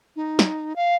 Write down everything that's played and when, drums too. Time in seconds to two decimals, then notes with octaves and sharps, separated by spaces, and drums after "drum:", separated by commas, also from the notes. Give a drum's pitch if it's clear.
0.16 D#4
0.39 drum: snare
0.76 F5